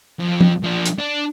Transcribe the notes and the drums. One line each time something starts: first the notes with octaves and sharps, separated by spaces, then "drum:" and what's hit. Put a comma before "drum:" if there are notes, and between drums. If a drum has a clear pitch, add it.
F2
drum: tom
F3 D4
drum: hi-hat
D4